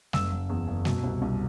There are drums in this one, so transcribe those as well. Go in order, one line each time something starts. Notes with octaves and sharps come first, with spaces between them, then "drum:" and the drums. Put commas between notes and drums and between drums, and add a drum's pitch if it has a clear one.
F#1 E6, drum: snare G3
F#1
E2
F#1
B2, drum: snare G3
C2
C2